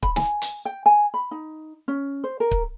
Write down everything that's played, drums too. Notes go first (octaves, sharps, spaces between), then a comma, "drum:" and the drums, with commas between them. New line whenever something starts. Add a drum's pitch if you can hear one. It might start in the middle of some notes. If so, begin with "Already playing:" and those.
B5, drum: kick C#1
G#5, drum: snare
drum: hi-hat
G5
G#5
B5
D#4
C#4
C5
A#4
drum: kick C#1